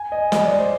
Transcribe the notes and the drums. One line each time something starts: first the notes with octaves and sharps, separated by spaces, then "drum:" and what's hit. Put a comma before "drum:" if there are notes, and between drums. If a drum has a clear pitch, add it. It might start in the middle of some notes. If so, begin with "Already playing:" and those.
Already playing: G#5
D#5
D#5, drum: snare
D5
C5